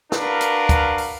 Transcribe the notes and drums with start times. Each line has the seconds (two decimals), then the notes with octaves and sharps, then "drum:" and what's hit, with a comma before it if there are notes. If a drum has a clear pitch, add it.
0.12 D4 F#4 A#4 B4 F5, drum: snare
0.41 drum: hi-hat
0.69 drum: kick, hi-hat
0.98 drum: open hi-hat